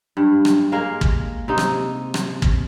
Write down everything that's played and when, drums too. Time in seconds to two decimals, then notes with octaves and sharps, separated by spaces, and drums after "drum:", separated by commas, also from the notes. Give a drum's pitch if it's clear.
0.17 G2
0.45 drum: rim click
0.72 G#3 A#3 A#4 F5
1.01 drum: kick
1.48 C3 D#4
1.58 drum: rim click
2.14 drum: rim click
2.42 drum: kick